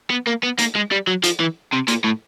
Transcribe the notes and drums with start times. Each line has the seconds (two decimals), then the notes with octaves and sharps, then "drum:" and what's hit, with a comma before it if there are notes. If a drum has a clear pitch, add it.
0.10 B3
0.27 A#3
0.43 B3
0.59 A#3, drum: hi-hat
0.75 G#3
0.91 G3
1.07 F#3
1.24 F3, drum: hi-hat
1.40 E3
1.73 C3
1.88 A#2, drum: hi-hat
2.04 A2